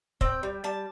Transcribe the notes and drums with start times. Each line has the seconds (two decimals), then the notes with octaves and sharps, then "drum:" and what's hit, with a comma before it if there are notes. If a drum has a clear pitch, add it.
0.21 C4 G5, drum: kick
0.43 G3
0.64 G3 A5